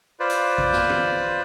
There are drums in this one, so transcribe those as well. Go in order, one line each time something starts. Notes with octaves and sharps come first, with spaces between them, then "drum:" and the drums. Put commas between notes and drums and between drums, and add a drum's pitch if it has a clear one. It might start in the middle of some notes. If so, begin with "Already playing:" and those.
F4 B4 C5 D5
drum: hi-hat
drum: kick
drum: snare
drum: tom